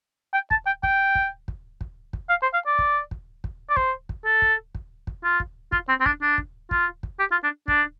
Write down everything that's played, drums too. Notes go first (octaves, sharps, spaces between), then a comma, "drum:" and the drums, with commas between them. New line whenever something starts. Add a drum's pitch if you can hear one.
G5
A5, drum: kick
G5
G5, drum: kick
drum: kick
drum: kick
drum: kick
drum: kick
F5
C5
F5
D5
drum: kick
drum: kick
drum: kick
D5
C5, drum: kick
drum: kick
A4
drum: kick
drum: kick
drum: kick
F4
drum: kick
F4, drum: kick
C4
C4
D4, drum: kick
D4
drum: kick
F4, drum: kick
drum: kick
G4
F4
D4
D4, drum: kick